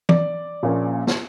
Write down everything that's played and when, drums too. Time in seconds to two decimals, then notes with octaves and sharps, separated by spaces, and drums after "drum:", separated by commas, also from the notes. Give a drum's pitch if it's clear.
0.09 D5, drum: tom
0.63 A#1 A#2 F3 A#3 C#4
1.07 drum: snare